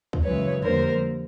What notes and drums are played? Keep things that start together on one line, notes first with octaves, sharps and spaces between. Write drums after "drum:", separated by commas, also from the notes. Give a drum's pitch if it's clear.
drum: kick
F#2 C#3 E3 G#3 B4 C#5
F2 D3 G3 A#3 A#4 C5, drum: tom E2